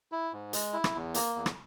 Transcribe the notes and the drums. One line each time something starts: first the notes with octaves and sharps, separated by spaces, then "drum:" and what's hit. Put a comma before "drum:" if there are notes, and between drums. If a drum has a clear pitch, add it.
E4
G#2
G#3, drum: hi-hat
E4
drum: rim click
E2
A#3, drum: hi-hat
E2
drum: rim click